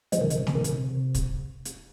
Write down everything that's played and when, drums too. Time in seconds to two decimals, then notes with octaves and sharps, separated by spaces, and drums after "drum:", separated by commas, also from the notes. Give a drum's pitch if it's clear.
0.12 F3 G#3, drum: hi-hat
0.21 C3 D#3
0.30 C#3, drum: hi-hat
0.38 C3
0.47 C#3, drum: snare
0.55 C3 D#3
0.64 C#3, drum: hi-hat
0.73 C3
1.14 drum: kick, hi-hat
1.65 drum: hi-hat